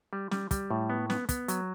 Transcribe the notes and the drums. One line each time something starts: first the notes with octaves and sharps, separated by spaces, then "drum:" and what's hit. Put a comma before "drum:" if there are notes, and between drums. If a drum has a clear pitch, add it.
G3
G3, drum: snare
G3, drum: kick, hi-hat
A2
B3
B3, drum: snare
B3, drum: kick, hi-hat
F#3, drum: hi-hat